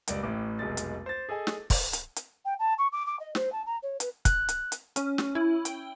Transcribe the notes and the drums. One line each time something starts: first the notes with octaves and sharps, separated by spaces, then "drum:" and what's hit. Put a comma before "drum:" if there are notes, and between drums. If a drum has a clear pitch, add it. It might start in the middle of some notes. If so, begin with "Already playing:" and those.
F#1 C#2 G3 D5, drum: hi-hat
A1 A2 D6
F1 B1 G#3 A6
drum: hi-hat
C5 A6
G#4 A4 D#5 G#5
drum: snare
drum: kick, open hi-hat
drum: hi-hat
drum: hi-hat
G5
A5
C#6
D6
D6
D#5
C5, drum: snare
A5
A#5
C#5
B4, drum: hi-hat
F#6, drum: kick, hi-hat
drum: hi-hat
drum: hi-hat
C#4, drum: hi-hat
drum: snare
E4
G5, drum: hi-hat